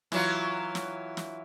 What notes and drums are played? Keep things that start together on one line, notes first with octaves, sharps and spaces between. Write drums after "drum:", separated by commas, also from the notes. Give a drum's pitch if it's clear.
E3 F#3 F4, drum: snare
drum: snare
drum: snare